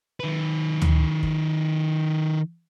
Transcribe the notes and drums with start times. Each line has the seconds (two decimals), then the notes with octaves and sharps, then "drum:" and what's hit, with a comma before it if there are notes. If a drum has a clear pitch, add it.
0.20 D#3 B4
0.82 drum: tom D2
1.23 drum: kick